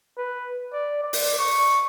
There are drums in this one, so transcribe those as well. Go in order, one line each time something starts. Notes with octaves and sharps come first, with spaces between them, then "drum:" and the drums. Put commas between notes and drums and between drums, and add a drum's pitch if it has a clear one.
B4
D5
D5
drum: open hi-hat
C#6